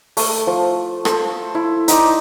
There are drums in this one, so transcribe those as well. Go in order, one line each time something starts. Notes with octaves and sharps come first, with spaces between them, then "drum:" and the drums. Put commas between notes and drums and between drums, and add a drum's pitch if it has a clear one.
A3, drum: open hi-hat
F3
A4 C5, drum: rim click
E4
D#4 C5 D5, drum: hi-hat